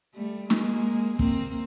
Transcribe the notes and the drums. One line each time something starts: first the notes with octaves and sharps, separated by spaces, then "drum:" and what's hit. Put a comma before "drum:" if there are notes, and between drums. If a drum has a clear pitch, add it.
G3 A3
G#3 A#3, drum: snare
A#3 C4, drum: kick